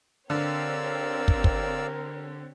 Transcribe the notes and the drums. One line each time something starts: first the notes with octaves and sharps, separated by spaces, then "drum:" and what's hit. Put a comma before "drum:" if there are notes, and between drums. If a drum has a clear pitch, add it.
D3 C4 G4 A#4 C#5 D5 F5 E6
drum: kick
drum: kick